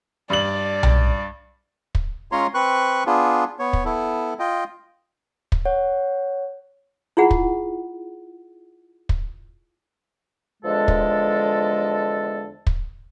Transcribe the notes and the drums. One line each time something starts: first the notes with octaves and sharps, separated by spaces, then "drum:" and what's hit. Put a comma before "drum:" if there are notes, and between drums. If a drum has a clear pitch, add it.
G2 D5 F#7
drum: tom B1
drum: kick
G#3 C#4 F4 C#5 A#5 C6
C4 B4 C#6 F#6
B3 D4 F4 G#4
B3 C#5
drum: kick
B3 E4 A4
F4 D#5 G5
drum: kick
C#5 F#5
E4 F4 G#4 F#5
drum: kick
drum: kick
E2 D3 F3 G#3 A4
drum: kick
drum: kick